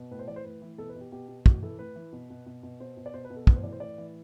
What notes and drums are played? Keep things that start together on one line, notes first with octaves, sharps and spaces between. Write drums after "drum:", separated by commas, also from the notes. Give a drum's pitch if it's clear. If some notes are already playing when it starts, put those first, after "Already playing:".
Already playing: B2
A2 B4
C5
E3 D5
C5
A2 B4
E3
B2 A4
B4
B2
G4
B2 G4
B2
A2 F#4, drum: kick
E3 A4
A2 B4
E3
B2
B2
B2
B2
B2 C5
B2
D5
B2 C5
B4
B2
A4
A2 B4, drum: kick
C5
E3 D5
C5
A2 D5
E3